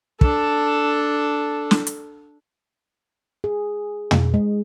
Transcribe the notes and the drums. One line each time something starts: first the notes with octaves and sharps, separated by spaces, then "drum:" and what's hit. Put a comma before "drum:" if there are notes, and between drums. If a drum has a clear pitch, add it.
D4 A4, drum: kick
drum: snare
drum: hi-hat
G#4
drum: tom
G#3